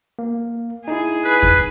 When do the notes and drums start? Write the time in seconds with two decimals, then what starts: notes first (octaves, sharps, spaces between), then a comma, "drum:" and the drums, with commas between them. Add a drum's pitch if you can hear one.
0.19 A#3
0.88 D#4 E4 G#4
1.24 B4
1.43 drum: kick E2